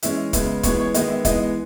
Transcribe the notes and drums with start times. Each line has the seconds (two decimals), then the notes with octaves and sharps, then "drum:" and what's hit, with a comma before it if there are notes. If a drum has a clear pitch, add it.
0.03 E3 G#3 C#4 E5, drum: hi-hat
0.33 C#3 G#3 B3 E5, drum: kick, hi-hat
0.63 E3 G#3 B3 C#5, drum: kick, hi-hat
0.80 C#5
0.94 D#3 G#3 B3 D#5, drum: hi-hat
1.10 E5
1.25 E3 G#3 B3 D#5, drum: kick, hi-hat